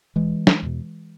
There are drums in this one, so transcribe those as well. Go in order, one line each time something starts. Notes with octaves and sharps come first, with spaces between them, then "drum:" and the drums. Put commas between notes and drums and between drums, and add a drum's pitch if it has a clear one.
E1 E3 G#3
drum: snare
E2 B2